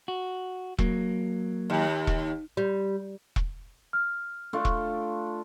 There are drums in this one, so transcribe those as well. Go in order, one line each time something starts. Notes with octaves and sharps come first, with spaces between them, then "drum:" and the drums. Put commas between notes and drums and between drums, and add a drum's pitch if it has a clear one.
F#4
F#3 A#3, drum: kick E1
D#2
drum: kick E1
G3
drum: kick E1
F6
A3 D4 F4
drum: kick E1